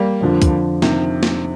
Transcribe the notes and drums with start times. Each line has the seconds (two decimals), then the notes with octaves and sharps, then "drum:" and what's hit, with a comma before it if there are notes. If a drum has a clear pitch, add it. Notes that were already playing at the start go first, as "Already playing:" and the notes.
Already playing: G3 A#3
0.21 F2 D3 F3
0.42 drum: kick, hi-hat
0.82 C3 D#3, drum: snare
1.23 drum: snare